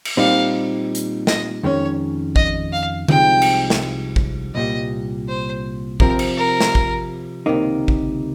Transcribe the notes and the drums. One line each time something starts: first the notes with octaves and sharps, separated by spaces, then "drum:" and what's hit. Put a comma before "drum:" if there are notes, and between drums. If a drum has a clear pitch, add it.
drum: cymbal
A#2 G3 C4 D#4 F5
drum: hi-hat
D#5, drum: snare
F2 D#3 G#3 C#4 C#5
D#5, drum: kick A1
F5
C2 C3 F3 G#3 D#4 G5, drum: tom D3
drum: cymbal
drum: snare
drum: kick A1
C2 A#2 G3 D#5
C5
C3 F3 C4 A#4, drum: kick A1
drum: cymbal
A#4
drum: snare
drum: kick A1
C#2 C3 D#3 A#3 D#4
drum: kick A1